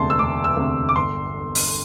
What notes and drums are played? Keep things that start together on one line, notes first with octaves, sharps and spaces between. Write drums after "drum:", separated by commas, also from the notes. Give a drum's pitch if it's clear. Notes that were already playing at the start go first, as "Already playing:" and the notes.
Already playing: E1 D2 C3 A5 C6
E6
E1 D6
E6
D2 C3
D6
G1 C6
drum: open hi-hat